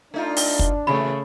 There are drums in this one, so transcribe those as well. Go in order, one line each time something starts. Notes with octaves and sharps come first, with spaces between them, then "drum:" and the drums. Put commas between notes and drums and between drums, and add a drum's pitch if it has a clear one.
A3 D4 D#4 F4
drum: open hi-hat
drum: kick
A#2 C#3 E3 A3 B5